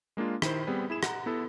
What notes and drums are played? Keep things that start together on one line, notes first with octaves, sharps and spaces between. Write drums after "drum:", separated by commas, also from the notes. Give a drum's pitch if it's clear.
G#3 A#3 D4 F4
D#3 E4 C5, drum: rim click
G3 B3 C4 G#4
E4 G#4 E7
F#5 A#5, drum: rim click
B3 E4 A4